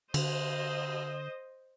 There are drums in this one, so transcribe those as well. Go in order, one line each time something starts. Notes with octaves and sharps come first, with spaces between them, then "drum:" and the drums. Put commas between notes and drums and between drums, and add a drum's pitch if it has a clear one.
D3 C5 D#5, drum: cymbal